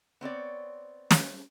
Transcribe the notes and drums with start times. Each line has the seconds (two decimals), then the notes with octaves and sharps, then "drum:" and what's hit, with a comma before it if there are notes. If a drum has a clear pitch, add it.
0.21 B3 C4 C#5 D5
1.11 drum: snare